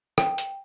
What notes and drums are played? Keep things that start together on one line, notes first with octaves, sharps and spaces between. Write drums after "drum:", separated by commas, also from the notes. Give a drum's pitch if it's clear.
G5, drum: rim click
drum: hi-hat